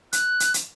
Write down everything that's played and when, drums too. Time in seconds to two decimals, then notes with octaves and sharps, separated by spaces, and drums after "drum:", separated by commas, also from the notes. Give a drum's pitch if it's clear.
0.13 F#6, drum: hi-hat
0.40 drum: hi-hat
0.54 drum: hi-hat